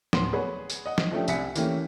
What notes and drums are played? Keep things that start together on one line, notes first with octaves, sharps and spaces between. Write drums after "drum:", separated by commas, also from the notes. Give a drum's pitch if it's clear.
D1 B3 C6, drum: snare
G#4 B4 C#5 F#5
drum: tambourine
D#5 F#5
drum: snare
F3 A3 C#4 D4 G4
C2 D5 E5 G#5 B6 C#7, drum: tambourine
E3 A3 A#3 C#4 G4, drum: tambourine